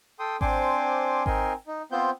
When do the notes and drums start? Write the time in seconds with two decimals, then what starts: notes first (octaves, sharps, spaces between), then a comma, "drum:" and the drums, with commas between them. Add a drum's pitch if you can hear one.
0.19 A4 G5 C6 D#6
0.41 C4 D4 C5 G#5 C6 D6, drum: kick G#1
1.26 C4 D#4 A#4 G#5 C6, drum: kick G#1
1.67 D#4
1.92 B3 C4 F4 C5 G6